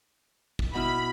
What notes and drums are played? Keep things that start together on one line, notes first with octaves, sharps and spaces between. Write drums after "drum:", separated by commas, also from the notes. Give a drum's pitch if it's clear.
drum: kick
B2 E4 B5 F6